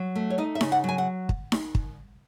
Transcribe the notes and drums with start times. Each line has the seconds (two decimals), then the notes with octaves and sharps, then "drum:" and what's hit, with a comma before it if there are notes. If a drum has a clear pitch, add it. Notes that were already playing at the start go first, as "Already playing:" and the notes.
Already playing: F#3
0.16 A3
0.30 C#5
0.38 D#4 D#5
0.55 E5
0.61 C#3, drum: snare D#4
0.72 F#5
0.84 F#3 G#5
0.98 F#5
1.29 drum: kick
1.52 drum: snare D#4
1.75 drum: kick